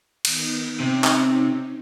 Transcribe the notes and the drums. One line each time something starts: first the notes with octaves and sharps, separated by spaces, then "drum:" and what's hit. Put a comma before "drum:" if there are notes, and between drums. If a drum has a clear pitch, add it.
D#3 B3, drum: cymbal
C3 C4 C#4 D#4
drum: clap